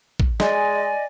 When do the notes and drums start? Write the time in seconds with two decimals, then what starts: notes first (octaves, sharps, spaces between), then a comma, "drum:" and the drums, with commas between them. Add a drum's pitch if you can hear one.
0.20 drum: kick
0.40 G#3 D5 D#5 G#5, drum: snare